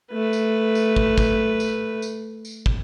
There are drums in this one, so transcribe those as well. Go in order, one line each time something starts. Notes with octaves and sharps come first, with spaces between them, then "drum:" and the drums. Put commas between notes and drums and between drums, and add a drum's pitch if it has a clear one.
A3 B4
drum: tambourine
drum: tambourine
drum: kick
drum: kick, tambourine
drum: tambourine
drum: tambourine
drum: tambourine
drum: kick